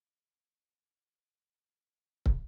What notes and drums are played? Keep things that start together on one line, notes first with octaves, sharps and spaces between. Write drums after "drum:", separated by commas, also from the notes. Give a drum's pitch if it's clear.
D3 E3 G#3
drum: kick